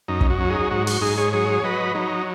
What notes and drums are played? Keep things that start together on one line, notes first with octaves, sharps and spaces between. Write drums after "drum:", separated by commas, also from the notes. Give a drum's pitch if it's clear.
F#2 D#4
drum: kick
F#4
F#3
D#4 G#4
G#2 F#4
F#4, drum: open hi-hat
G#2 D#4 G#4
G#4 C#5
F#3 G#4 C#5
C#5
F#3 B4 D#5
F#3 D#4